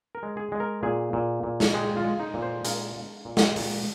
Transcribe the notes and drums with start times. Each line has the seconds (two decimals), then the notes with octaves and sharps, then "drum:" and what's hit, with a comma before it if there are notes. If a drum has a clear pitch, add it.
0.15 A#4
0.23 G#3
0.37 G#4
0.52 G#3
0.60 A#4
0.83 A#2 G#4
1.13 A#2
1.43 A#2
1.60 drum: snare
1.74 G#3 G4
1.97 F4
2.04 G#3
2.20 D#4
2.34 A#2
2.42 C5
2.65 G#3 A#4, drum: hi-hat
2.96 G#3
3.25 A#2
3.37 drum: snare
3.56 A#2, drum: open hi-hat